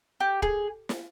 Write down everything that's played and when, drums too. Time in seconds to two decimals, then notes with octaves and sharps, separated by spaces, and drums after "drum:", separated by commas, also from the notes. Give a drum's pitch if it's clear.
0.20 G4
0.42 G#4, drum: kick
0.89 drum: snare